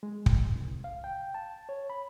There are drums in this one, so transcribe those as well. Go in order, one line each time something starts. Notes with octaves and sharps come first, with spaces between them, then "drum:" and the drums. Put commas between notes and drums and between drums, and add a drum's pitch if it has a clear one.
G#3
drum: kick
C2
F5
G5
A5
C#5
B5